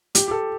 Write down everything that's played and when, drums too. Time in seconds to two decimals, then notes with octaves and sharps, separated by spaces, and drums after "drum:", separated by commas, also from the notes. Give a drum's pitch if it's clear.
0.15 G4, drum: hi-hat
0.28 G4
0.31 A4